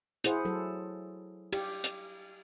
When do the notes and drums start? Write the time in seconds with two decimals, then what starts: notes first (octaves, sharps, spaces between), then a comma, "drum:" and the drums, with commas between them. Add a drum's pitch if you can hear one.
0.24 E4 G#4 C5 F#5, drum: hi-hat
0.45 F#3 A4
1.53 G4, drum: cymbal
1.84 drum: hi-hat